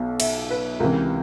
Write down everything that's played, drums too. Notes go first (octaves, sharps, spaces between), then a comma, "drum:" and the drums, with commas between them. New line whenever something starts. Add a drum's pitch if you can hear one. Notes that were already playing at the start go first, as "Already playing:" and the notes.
Already playing: B1 B2
E5, drum: cymbal
B4
C#2 C3 E3 A#4